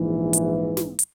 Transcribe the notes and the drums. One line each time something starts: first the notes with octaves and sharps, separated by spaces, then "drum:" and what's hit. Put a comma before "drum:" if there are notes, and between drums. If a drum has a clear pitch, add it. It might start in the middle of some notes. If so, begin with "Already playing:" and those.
Already playing: A#1 G#2 E3
drum: hi-hat
drum: snare
drum: hi-hat